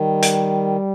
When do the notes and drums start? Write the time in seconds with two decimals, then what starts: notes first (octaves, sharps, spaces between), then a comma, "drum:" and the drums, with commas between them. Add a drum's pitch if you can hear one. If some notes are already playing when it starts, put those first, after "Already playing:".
Already playing: D#3 G3
0.22 drum: hi-hat